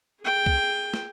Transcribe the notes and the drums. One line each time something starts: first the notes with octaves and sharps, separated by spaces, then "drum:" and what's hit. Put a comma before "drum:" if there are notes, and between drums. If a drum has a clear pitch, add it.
G#4 G5
drum: kick
drum: snare